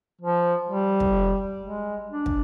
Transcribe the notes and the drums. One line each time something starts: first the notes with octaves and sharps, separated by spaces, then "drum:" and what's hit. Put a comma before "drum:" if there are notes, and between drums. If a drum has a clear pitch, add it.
F3
G3
drum: kick
G#3
D4
drum: kick